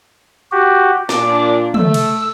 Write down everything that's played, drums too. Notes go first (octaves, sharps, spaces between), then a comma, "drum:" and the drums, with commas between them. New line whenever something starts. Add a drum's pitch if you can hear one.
F#4 G4
A#2 D4 D6, drum: snare
A3 E6, drum: tom
drum: cymbal